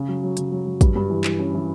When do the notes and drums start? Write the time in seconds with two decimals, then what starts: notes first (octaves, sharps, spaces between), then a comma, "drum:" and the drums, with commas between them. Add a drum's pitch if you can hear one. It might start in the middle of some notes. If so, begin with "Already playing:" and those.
Already playing: C#3
0.08 F#3
0.23 F#3
0.37 C#3, drum: hi-hat
0.52 F#3
0.66 F#3
0.81 G2, drum: kick, hi-hat
0.95 G2
1.10 E3
1.24 E3, drum: clap
1.39 C#4
1.54 E3